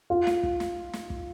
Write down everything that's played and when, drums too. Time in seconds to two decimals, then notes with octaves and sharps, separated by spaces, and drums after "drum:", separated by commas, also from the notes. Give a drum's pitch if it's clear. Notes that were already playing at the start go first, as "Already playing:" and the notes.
0.10 F4
0.27 drum: snare
0.43 drum: kick
0.60 drum: snare
0.93 drum: snare
1.10 drum: kick